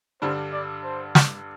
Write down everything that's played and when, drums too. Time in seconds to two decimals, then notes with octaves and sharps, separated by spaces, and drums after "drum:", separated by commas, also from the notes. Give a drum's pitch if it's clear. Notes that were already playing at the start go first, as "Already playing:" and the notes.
0.22 G2 D3 G3 D4 C5
0.52 D5
0.84 C5
1.15 drum: snare